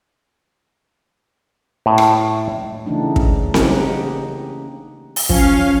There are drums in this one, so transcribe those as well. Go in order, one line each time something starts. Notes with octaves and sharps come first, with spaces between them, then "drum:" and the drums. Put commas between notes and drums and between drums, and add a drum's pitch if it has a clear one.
A2
drum: rim click
C#3 E3 A3 D4 D#4
drum: kick
C#3 A#3 D#4 G4 G#4 F#5, drum: snare C4
drum: open hi-hat
F3 C#4 F5, drum: kick